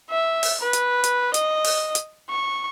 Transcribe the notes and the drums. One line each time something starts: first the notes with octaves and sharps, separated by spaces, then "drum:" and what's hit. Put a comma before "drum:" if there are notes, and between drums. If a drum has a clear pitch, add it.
E5
drum: open hi-hat
B4
drum: hi-hat
drum: hi-hat
D#5, drum: hi-hat
drum: open hi-hat
drum: hi-hat
C#6